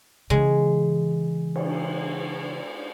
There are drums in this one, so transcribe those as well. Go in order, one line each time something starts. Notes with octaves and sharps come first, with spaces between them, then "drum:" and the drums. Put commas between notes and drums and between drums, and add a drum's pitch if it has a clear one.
C#3 E3 G#3
drum: cymbal